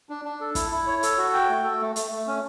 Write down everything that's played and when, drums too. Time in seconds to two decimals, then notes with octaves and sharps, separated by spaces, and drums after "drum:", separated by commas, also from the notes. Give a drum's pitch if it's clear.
0.09 D4
0.25 D4
0.41 A4
0.55 E4, drum: kick, hi-hat
0.72 E4
0.87 C#5
1.03 A4, drum: hi-hat
1.18 F#4
1.33 G5
1.49 A3
1.64 A4
1.81 A3
1.96 A3, drum: hi-hat
2.11 A3
2.27 C#4